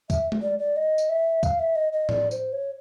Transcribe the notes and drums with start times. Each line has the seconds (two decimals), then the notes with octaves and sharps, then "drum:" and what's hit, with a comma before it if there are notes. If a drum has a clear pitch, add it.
0.10 E5, drum: kick, tambourine
0.32 drum: tom G#3
0.42 D5
0.59 D5
0.76 D#5
0.98 drum: tambourine
1.09 E5
1.43 F5, drum: kick, tambourine
1.59 E5
1.76 D#5
1.93 D#5
2.09 D5, drum: tom
2.31 C5, drum: tambourine
2.53 C#5